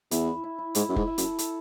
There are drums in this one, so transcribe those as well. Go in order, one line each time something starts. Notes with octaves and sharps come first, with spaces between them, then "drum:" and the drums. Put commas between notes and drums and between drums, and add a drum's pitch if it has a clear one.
E2 E4, drum: hi-hat
E5
E4
E4
G#2 E4, drum: hi-hat
F#2 E5
G#2, drum: kick F1
E5
F#2, drum: hi-hat
A4
A4, drum: hi-hat